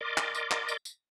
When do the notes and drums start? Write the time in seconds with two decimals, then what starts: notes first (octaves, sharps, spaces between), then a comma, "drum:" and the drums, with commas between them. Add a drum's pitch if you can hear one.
0.01 A#4 D5 D#5 C6 D6
0.18 drum: clap
0.35 drum: tambourine
0.51 drum: clap
0.68 drum: tambourine
0.85 drum: tambourine